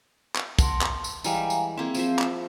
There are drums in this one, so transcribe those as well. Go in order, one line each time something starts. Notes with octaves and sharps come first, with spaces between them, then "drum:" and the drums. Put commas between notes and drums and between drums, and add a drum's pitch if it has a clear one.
drum: clap
A#4 F#5 A5 C6, drum: kick, tambourine
drum: clap
drum: tambourine
E3 G3 G#3 F5 G#5 A#5, drum: tambourine
drum: tambourine
A#3 C4 E4 G#4 F5
F3 C5 E5, drum: tambourine
drum: clap